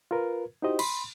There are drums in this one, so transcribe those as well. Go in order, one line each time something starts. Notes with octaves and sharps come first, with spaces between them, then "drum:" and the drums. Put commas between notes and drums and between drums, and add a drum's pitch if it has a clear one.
F4 A#4 B4
D#4 E4 F#4 G4 C5 D#5
B5 C6, drum: cymbal